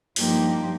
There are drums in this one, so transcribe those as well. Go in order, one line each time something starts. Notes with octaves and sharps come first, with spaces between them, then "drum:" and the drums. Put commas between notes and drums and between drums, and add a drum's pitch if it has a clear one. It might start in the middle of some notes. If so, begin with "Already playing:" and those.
G2 F3 A#3 D#4 G4, drum: open hi-hat